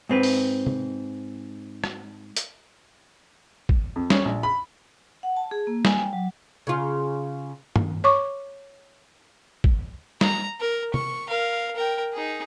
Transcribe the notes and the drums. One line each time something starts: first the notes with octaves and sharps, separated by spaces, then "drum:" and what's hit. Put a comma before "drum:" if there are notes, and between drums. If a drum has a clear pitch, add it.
G#2 C4 B4
drum: open hi-hat
drum: tom C3
drum: rim click
drum: hi-hat
drum: kick
F2
C#4, drum: snare
A#1
B5
F#5
A5
G#4
A#3
G#5, drum: snare
G5
F#3
C#3 F4
drum: tom
C#5 C#6 D6
drum: kick
A#5, drum: snare
A#4
C#6, drum: tom C3
A#4 F5
A#4 G5
D#4 G#4